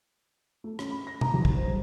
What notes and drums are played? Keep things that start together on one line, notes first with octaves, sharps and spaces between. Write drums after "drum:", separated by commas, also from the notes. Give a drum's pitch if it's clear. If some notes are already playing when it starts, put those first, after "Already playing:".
A3
C#4, drum: rim click
B5
A#6
A#5, drum: tom
D#2
drum: kick
C5
D#1